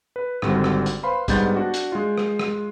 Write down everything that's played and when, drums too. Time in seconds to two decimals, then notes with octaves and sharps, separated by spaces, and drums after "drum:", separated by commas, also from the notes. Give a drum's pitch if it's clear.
0.16 B4
0.42 G#1 D3 G3 C4 F#4, drum: rim click
0.64 drum: rim click
0.86 drum: hi-hat
1.03 B4 C5 F5 B5 C6
1.28 G#2 G3 B3 D4 G6 A6, drum: kick, hi-hat
1.56 D4 F#4
1.74 drum: hi-hat
1.92 G#3 F4
2.18 drum: rim click
2.39 drum: rim click